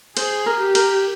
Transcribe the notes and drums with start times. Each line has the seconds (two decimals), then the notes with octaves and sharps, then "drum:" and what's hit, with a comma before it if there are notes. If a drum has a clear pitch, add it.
0.17 G#4 C5, drum: cymbal
0.46 A#4
0.60 G4
0.75 A#4, drum: cymbal